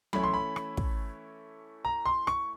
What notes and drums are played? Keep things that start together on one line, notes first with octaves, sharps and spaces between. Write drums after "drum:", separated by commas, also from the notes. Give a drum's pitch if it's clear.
E3 A3 C#4 E4 B5, drum: tom F#3
C6
B5
drum: rim click
drum: kick
A#5
C6
C#6, drum: rim click